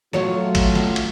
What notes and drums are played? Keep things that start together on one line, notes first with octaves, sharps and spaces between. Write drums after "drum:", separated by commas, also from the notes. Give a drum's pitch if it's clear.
F#3 A3 F4 C#5, drum: snare
drum: kick A1, cymbal
drum: snare
drum: cymbal